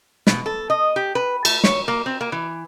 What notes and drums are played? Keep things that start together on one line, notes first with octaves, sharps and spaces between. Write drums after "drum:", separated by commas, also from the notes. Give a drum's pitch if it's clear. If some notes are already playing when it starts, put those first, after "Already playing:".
B2, drum: snare
A4
D#5
G4
B4
A3, drum: cymbal
C#5, drum: snare
A#3
C4
A#3
E3